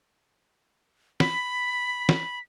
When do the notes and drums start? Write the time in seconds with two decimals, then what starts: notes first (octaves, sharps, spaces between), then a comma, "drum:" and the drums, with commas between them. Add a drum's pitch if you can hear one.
1.20 B5 B6, drum: snare
2.09 drum: snare